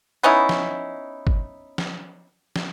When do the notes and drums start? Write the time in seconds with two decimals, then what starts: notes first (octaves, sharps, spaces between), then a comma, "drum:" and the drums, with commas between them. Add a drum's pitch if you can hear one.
0.23 B3 C#4 D#4 E4
0.49 drum: snare
1.27 drum: kick G1
1.78 drum: snare
2.56 drum: snare